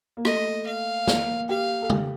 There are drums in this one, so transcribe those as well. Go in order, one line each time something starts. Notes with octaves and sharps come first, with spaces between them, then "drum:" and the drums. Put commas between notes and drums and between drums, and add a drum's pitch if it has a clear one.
A#3
A3 D#5, drum: rim click
F5
A#3, drum: snare
G4 F5
A4
G4, drum: tom C#3